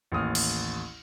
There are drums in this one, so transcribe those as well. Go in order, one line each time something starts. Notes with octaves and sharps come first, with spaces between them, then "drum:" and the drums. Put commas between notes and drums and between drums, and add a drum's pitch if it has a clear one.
A1 D#2 D#6 F6
drum: cymbal